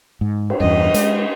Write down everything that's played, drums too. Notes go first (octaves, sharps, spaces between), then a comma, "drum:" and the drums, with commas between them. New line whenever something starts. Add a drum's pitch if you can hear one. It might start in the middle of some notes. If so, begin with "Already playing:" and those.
G#2
drum: cymbal
E2 G2 D#5
G#3, drum: hi-hat